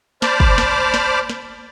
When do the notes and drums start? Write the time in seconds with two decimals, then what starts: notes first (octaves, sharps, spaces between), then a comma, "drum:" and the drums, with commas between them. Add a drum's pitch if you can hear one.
0.22 C5 D5 A5 B5 D6 F6, drum: snare
0.40 drum: kick
0.58 drum: snare
0.94 drum: snare
1.30 drum: snare